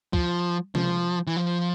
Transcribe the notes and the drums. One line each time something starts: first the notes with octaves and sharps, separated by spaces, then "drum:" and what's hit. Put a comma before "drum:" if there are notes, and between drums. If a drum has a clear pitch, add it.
F3, drum: kick
F3, drum: tom C3
E3
F3